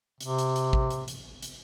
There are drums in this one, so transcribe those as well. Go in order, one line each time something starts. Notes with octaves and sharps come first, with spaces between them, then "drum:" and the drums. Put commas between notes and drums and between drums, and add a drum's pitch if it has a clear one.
C3, drum: hi-hat
drum: hi-hat
drum: hi-hat
drum: kick A1
drum: hi-hat
drum: hi-hat
drum: hi-hat